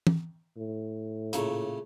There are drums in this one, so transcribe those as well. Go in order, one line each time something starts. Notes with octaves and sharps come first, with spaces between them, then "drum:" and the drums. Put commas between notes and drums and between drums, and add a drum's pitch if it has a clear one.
drum: tom
A2
A#2 C#3 A3, drum: hi-hat